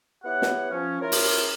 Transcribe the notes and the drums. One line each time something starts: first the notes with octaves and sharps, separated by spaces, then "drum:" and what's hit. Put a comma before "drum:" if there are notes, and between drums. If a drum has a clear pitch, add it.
B3 E4 G4 C#5 F#5
drum: snare
F3 C#4
C#4 E4 F4 A#4
drum: open hi-hat